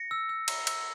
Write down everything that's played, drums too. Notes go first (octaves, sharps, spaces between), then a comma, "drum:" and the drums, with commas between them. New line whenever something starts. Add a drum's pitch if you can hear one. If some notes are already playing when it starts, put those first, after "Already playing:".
Already playing: A#6 C#7
E6
E6
A#5, drum: cymbal
E6, drum: cymbal